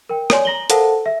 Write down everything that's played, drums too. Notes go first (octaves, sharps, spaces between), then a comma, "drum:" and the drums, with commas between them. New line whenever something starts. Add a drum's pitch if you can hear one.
A#4 G5
C#5 D5 G#5 C6, drum: rim click
A#5 A#6 F#7 G7
A4 A#4 C5 F5 F#5 A5, drum: hi-hat
E5